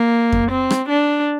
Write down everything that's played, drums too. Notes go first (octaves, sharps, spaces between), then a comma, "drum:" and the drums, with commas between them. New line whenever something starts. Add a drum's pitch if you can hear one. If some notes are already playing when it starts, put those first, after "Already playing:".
Already playing: A#3
drum: kick F2
C4
drum: rim click
D4